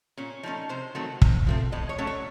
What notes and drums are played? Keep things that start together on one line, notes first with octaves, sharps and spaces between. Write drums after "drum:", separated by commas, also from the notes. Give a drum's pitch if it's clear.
A#2 C#4
F3 A3 C#4 D#4
C3 C5
D#3 F#3 A3 C4
C3, drum: kick
F3 A3 C4
A2 D#5
C#5
F#3 A3 C#4
C#5